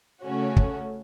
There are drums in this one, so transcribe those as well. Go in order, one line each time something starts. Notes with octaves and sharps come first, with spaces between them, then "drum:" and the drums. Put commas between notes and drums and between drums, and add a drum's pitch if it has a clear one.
C#3 A3 C#4 F#4
drum: kick